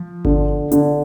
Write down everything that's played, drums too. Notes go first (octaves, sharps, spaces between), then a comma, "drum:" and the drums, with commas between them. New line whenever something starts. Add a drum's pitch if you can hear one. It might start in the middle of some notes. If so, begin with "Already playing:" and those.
Already playing: F3
D3, drum: kick G1
D3, drum: hi-hat